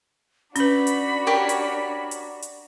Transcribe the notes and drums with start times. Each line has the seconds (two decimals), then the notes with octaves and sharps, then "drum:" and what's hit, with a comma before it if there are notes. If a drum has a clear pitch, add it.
0.56 C#4 D4 F#4 B4 B5, drum: hi-hat
0.87 drum: hi-hat
1.27 G4 A#4 C#5
1.49 drum: hi-hat
2.11 drum: hi-hat
2.42 drum: hi-hat